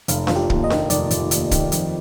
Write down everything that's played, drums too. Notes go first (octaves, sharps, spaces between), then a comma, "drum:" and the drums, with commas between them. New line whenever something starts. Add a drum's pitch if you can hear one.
F1 F5, drum: hi-hat
F1 F4, drum: snare D4
G4
D#2, drum: kick
D#5
D#3, drum: snare D4
F1 D5, drum: hi-hat
F1, drum: hi-hat
D#2, drum: hi-hat
D#3, drum: kick, hi-hat
F2, drum: hi-hat